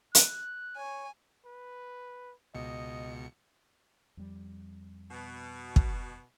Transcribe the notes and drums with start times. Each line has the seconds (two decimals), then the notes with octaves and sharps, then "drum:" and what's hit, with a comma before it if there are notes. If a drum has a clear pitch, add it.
0.15 F#6, drum: hi-hat
0.77 C#5 G#5
1.46 B4
2.55 C#2 B2 D#5 C#7
4.17 F2 G3
5.11 B2
5.76 drum: kick